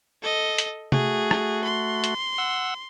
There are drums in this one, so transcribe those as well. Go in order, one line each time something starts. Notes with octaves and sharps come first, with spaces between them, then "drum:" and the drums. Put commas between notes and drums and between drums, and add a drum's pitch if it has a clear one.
A4 D#5
drum: hi-hat
A3 F#4 G#4, drum: tom C3
drum: rim click
C6
drum: hi-hat
F#5 E6